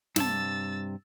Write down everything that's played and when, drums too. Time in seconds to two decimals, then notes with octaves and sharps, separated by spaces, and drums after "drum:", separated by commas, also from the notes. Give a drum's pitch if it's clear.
0.16 G2 C3 A5 E6 A6, drum: snare